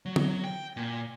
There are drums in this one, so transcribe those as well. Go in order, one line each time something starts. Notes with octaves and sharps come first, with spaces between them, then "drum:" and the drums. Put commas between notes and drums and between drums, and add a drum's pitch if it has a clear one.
F#3
drum: tom
G5
A#2